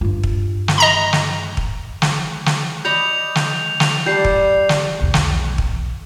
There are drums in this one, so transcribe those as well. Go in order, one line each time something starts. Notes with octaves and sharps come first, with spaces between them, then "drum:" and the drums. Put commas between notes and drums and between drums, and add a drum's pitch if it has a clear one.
G2 F4
drum: kick
drum: snare
D#5 A#5 B5
drum: snare
drum: kick
drum: snare
drum: snare
D#5 B5 D6 G6 C#7 F7
drum: snare
drum: snare
G3 A5 G6 C7
drum: kick
drum: snare
B1 E2
drum: snare
drum: kick